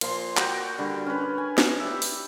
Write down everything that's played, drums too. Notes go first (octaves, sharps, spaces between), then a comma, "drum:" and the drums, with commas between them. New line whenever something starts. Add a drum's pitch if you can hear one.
A#2 F3 C6, drum: cymbal
F#4 G5, drum: clap
D3 G3
C#4 B4
G#5
drum: snare
G4 D5 E5
drum: open hi-hat